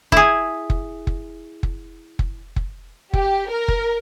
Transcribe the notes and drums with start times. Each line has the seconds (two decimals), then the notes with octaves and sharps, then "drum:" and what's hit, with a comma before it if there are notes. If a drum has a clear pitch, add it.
0.12 E4 G#4, drum: kick
0.70 drum: kick
1.07 drum: kick
1.63 drum: kick
2.19 drum: kick
2.56 drum: kick
3.13 G4, drum: kick
3.50 A#4
3.68 drum: kick